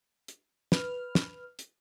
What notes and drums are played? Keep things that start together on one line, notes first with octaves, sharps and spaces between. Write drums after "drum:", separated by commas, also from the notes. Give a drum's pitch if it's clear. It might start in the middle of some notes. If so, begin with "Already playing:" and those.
drum: hi-hat
B4 F6, drum: snare
drum: snare
drum: hi-hat